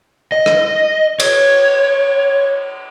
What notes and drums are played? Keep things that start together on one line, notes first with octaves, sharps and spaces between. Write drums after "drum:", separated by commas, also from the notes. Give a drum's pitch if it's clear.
D#5
drum: rim click
C#5, drum: cymbal